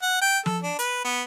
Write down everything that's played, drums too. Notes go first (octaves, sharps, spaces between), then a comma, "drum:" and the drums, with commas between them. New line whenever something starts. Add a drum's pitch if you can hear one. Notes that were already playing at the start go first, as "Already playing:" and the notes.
F#5
G5
A4, drum: tom F3
D4
B4, drum: hi-hat
B3